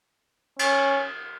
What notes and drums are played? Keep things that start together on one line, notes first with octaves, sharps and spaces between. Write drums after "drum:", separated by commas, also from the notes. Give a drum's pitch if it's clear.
C#4, drum: cymbal